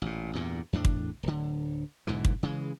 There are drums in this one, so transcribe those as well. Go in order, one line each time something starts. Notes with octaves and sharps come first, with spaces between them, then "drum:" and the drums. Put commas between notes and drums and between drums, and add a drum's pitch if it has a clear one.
A1 A#2
E2 G2 A#2
E2 A2 D4
drum: kick
D1 D3
B1 G#2 D3 E3
drum: kick
C#3 E3 G#3